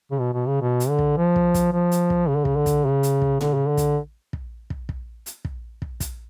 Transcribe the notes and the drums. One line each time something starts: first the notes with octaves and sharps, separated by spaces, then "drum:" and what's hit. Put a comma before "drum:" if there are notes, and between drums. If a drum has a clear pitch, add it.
C#3
B2
B2
C#3
B2
drum: hi-hat
D3
drum: kick
F3
drum: kick
drum: kick, hi-hat
F3
drum: hi-hat
drum: kick
C#3
D3
C#3, drum: kick
D3
drum: kick, hi-hat
C#3
drum: hi-hat
drum: kick
D3, drum: tom A2
C#3
D3
drum: kick, hi-hat
drum: kick
drum: kick
drum: kick
drum: hi-hat
drum: kick
drum: kick
drum: kick, hi-hat